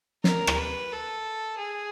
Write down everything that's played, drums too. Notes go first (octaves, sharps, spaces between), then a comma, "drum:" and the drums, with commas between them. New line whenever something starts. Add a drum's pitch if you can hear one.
A#4, drum: snare
drum: rim click
B4
A4
G#4